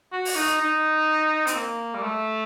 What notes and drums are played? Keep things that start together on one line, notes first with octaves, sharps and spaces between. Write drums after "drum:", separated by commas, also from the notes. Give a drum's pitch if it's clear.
F#4
drum: open hi-hat
D#4
D#4
C4, drum: hi-hat
A#3
G3
A3